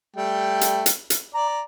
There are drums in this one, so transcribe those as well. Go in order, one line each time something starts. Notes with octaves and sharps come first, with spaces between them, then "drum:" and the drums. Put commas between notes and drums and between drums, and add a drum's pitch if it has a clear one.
G3 A3 G5
drum: hi-hat
drum: hi-hat
drum: hi-hat
D5 A#5